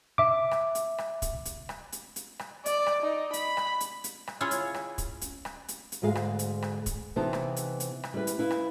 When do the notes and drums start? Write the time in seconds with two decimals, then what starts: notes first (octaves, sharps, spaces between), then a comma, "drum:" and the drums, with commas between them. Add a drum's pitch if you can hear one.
0.18 E5 D6
0.51 drum: rim click
0.75 drum: hi-hat
0.98 drum: rim click
1.22 drum: kick, hi-hat
1.45 drum: hi-hat
1.69 drum: rim click
1.92 drum: hi-hat
2.16 drum: hi-hat
2.39 drum: rim click
2.66 D5, drum: hi-hat
2.86 drum: rim click
3.03 D#4
3.33 B5, drum: hi-hat
3.57 drum: rim click
3.80 drum: hi-hat
4.04 drum: hi-hat
4.27 drum: rim click
4.41 C#4 E4 F4 G#4 C#5
4.51 drum: hi-hat
4.74 drum: rim click
4.98 drum: kick, hi-hat
5.21 drum: hi-hat
5.45 drum: rim click
5.68 drum: hi-hat
5.92 drum: hi-hat
6.02 D2 G#2 G#3 G#4 F5
6.15 drum: rim click
6.39 drum: hi-hat
6.62 drum: rim click
6.86 drum: kick, hi-hat
7.16 C3 E3 B3 D#4 C5 A5
7.33 drum: rim click
7.57 drum: hi-hat
7.80 drum: hi-hat
8.04 drum: rim click
8.14 G3 E4 B4
8.27 drum: hi-hat
8.39 E4 B4 F5
8.51 drum: rim click